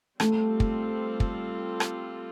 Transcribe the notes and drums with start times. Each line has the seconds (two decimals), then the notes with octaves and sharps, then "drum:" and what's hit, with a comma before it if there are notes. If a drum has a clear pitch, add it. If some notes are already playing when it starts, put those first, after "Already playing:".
0.20 G3 A3 C4 F4 A4, drum: rim click
0.60 drum: kick
1.20 drum: kick
1.80 drum: rim click